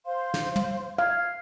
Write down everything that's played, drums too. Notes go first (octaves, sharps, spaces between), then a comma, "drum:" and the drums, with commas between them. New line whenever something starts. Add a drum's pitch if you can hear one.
C5 F5 C6
drum: snare
drum: tom
F5 G#6